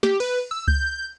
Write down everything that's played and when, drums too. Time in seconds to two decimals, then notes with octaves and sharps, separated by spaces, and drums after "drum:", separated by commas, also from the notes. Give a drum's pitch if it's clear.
0.03 G4, drum: snare
0.20 B4, drum: cymbal
0.51 E6
0.68 G6, drum: kick C#2